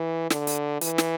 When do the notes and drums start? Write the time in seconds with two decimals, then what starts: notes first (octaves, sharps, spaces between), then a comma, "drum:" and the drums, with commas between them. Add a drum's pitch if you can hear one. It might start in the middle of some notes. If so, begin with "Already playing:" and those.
Already playing: E3
0.30 D3, drum: snare
0.47 drum: hi-hat
0.81 E3, drum: hi-hat
0.98 drum: snare